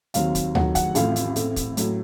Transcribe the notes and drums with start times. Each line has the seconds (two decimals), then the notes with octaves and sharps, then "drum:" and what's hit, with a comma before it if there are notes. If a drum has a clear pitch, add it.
0.14 D#2 D#3 F#3 C4 F5, drum: hi-hat
0.35 drum: kick, hi-hat
0.55 F2 D#3 F#3 F#5, drum: tom D2
0.75 F#5, drum: kick, hi-hat
0.95 A1 A2 F3 C4 F5, drum: hi-hat
1.16 drum: hi-hat
1.36 A2 A3 C4, drum: hi-hat
1.56 drum: kick, hi-hat
1.77 A2 F#3, drum: hi-hat